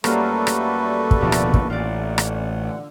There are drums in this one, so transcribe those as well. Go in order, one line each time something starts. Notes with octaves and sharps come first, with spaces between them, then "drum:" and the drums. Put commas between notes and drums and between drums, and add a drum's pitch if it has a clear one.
F#2 G3 A3 A#3 F4 F#4 A4 B4, drum: rim click
drum: rim click
drum: kick
D1 D#2 B2 F3 D4
drum: rim click
drum: kick
A1 F4 D5 F#5
drum: rim click
D3